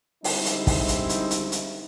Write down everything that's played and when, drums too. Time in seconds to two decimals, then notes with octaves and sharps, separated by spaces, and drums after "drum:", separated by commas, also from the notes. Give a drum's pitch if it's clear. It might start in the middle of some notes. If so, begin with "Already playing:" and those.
0.24 D3 G3 G#3 C4 D#4 E4, drum: open hi-hat
0.46 drum: hi-hat
0.67 drum: kick, open hi-hat
0.88 drum: hi-hat
1.09 drum: hi-hat
1.31 drum: hi-hat
1.52 drum: hi-hat